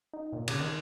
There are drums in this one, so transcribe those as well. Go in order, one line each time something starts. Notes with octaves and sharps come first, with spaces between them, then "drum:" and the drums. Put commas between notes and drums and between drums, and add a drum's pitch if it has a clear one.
D#4
A#2
C#3, drum: cymbal
D#3